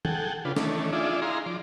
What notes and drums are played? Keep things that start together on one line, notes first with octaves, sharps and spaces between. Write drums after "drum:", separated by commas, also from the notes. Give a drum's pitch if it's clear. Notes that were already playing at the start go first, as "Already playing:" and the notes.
G#4 A4 F#5 G5, drum: tom D#3
C#3 D4 F4 B4
D#3 E3 A3 C#4 D4, drum: snare
D4 D#4 F4 G#4 D5 E5
D#4 E4 G#4 F5 A#5 C6
F3 D5